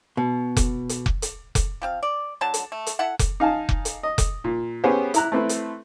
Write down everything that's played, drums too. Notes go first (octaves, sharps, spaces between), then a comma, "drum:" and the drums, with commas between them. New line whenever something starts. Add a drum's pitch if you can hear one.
B2
drum: kick F1, hi-hat
drum: hi-hat
drum: kick F1
drum: hi-hat
drum: kick F1, hi-hat
F3 C4 F5
D5
D3 F#3 A5
drum: hi-hat
A3
drum: hi-hat
E4 A4 E5 F#5
drum: kick F1, hi-hat
D#4 F5 G#5 A5
drum: kick F1
drum: hi-hat
D#5
drum: kick F1, hi-hat
A#2
B3 C#4 G4 G#4 C5
E4 A#5 F#6, drum: hi-hat
A3 C4 E4 B4
drum: hi-hat